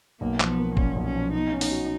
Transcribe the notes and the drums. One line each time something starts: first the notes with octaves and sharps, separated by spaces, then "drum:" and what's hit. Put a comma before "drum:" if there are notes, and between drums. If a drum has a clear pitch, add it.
B1 A#3
F3, drum: clap
B3
A#3
A#2 C#4, drum: kick
B1
C#4
F3
B2 D#4
C#4
D#4, drum: open hi-hat
F#4